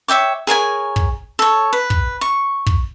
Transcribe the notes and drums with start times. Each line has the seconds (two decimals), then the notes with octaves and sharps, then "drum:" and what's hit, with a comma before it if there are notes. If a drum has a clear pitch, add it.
0.08 C#5 E5 G5 D6
0.47 G#4 A#4 C#5 G#5
0.96 drum: kick
1.39 A4 C#5
1.73 B4
1.90 drum: kick
2.21 C#6
2.66 drum: kick